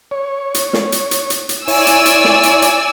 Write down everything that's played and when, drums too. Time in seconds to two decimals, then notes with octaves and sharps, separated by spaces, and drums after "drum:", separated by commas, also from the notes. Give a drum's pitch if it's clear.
0.11 C#5
0.54 drum: hi-hat
0.73 drum: snare
0.92 drum: hi-hat
1.11 drum: hi-hat
1.30 drum: hi-hat
1.49 drum: hi-hat
1.68 E4 C#5 D5 G#5 E6, drum: open hi-hat
1.87 drum: hi-hat
2.06 drum: hi-hat
2.24 drum: snare
2.43 drum: hi-hat
2.62 drum: hi-hat